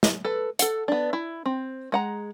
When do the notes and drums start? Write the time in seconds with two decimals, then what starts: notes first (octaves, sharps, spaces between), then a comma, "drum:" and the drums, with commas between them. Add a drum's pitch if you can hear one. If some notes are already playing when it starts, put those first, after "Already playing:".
0.03 drum: snare
0.25 A4 B4
0.59 A4 F#5, drum: hi-hat
0.88 B3 D4
1.13 E4
1.46 C4
1.92 G#3 F#5 A#5